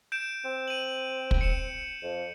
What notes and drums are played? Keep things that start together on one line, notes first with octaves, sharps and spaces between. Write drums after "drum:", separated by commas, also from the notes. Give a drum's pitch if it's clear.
G6 D7 E7
C4
D#7 F#7
drum: kick
C#7 E7
F2